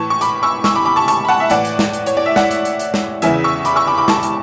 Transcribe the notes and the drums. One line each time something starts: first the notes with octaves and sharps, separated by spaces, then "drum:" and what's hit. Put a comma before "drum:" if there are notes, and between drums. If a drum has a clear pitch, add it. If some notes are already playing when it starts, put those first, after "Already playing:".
Already playing: A2 E3 A5 C#6
C#6
B5 D6, drum: hi-hat
C#6 E6
C#6 E6, drum: snare
B5 D6
B5 D6
A5 C#6
A5 C#6, drum: hi-hat
B5
F#5 A5
E5
A2 E3 D5 F#5, drum: hi-hat
drum: hi-hat
drum: snare
drum: hi-hat
C#5, drum: hi-hat
D5
E5
D5 F#5, drum: snare
drum: hi-hat
drum: hi-hat
drum: hi-hat
drum: snare
E2 C#3 E3 E5 G#5, drum: hi-hat
C#6 E6
B5 D6, drum: hi-hat
C#6 E6
B5 D6
B5 D6
A5 C#6, drum: snare
drum: hi-hat